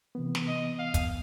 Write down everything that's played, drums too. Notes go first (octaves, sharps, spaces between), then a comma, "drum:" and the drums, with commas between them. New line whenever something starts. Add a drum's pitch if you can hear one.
C3 E3 B3
drum: snare
D#5
F5
drum: kick, hi-hat